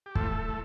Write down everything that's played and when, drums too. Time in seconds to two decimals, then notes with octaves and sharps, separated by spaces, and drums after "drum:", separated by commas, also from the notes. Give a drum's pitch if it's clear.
0.06 G4
0.15 A2 F3 A3 A4, drum: kick
0.48 A2